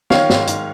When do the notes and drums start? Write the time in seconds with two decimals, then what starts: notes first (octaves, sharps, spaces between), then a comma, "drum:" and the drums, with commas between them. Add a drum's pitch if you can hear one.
0.10 D#3 C#5 F5, drum: snare
0.29 G#2, drum: snare
0.47 G#2, drum: hi-hat